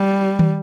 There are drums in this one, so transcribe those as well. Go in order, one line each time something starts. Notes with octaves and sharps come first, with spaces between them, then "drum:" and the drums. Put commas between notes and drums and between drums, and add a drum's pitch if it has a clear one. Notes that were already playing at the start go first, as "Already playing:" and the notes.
Already playing: G3
drum: tom D#3